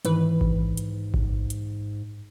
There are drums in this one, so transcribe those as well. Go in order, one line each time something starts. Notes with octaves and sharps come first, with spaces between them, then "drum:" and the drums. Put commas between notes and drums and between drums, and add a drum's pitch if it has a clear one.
G#2 D#3 E3 B4, drum: hi-hat
drum: kick A1
drum: hi-hat
drum: kick A1
drum: hi-hat